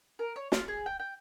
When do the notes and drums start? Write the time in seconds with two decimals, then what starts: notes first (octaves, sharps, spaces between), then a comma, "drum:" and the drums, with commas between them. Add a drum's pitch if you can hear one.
0.19 A#4
0.36 C#5
0.52 F4, drum: snare
0.68 G#4
0.86 G5
0.99 G5